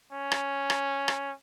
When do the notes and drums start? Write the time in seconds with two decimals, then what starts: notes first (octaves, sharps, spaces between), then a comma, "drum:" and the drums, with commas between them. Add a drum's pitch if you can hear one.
0.12 C#4
0.32 drum: rim click
0.70 drum: rim click
1.08 drum: rim click